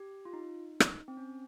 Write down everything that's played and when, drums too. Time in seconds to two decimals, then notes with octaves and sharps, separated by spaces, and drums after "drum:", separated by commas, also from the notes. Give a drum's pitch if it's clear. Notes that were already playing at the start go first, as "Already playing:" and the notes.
Already playing: G4
0.25 F4
0.33 D#4
0.80 drum: rim click
1.08 C4
1.17 C#4